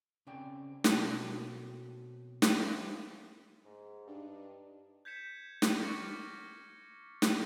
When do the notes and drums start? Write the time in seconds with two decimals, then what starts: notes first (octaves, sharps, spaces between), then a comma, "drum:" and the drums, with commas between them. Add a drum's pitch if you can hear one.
0.27 C#3 C4 D5 G5
0.84 B2 F#3 A#3 C4 A4, drum: snare
2.42 drum: snare
2.58 B4 C5 E5 F5 G#5 B5
3.65 G#2
4.07 G2 D4 D#4
5.05 G6 G#6 B6 C#7 E7
5.62 drum: snare
5.82 C#6 D6 F6 A6 A#6 C#7
7.22 drum: snare